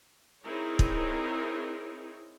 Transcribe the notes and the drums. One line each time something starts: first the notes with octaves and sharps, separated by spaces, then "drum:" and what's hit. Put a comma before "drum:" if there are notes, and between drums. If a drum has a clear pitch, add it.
C4 D#4 E4 G#4 A#4 C#5
drum: kick